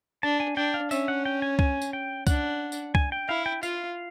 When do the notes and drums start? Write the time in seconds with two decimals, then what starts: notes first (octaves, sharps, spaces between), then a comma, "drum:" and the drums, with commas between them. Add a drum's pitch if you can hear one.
0.23 D4 A5
0.40 G#5
0.57 D4 G5
0.74 F5
0.91 C#4 E5, drum: tambourine
1.08 F#5
1.25 G5
1.42 G#5
1.59 G#5, drum: kick
1.82 drum: tambourine
1.93 G5
2.27 D4 F#5, drum: kick, tambourine
2.72 drum: tambourine
2.95 G#5, drum: kick
3.12 G5
3.29 E4 F5
3.46 G5
3.63 F4 F5, drum: tambourine